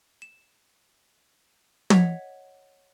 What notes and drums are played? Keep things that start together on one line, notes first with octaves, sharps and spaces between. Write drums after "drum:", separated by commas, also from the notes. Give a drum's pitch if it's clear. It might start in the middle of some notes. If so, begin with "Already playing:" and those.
E7
C#5 D#5 F#5 G#6 B6 F7, drum: tom